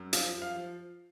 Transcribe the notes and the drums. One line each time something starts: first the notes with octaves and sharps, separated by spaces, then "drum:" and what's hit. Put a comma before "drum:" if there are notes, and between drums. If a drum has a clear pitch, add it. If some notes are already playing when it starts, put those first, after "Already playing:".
Already playing: F#2
F3 F5, drum: hi-hat
F3
F5
F3